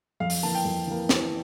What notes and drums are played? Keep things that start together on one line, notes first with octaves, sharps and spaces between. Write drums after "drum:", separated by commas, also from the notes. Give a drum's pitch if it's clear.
F2 F5
drum: open hi-hat
E3 A#3 A5
G5
F2
E3 A#3
E3, drum: snare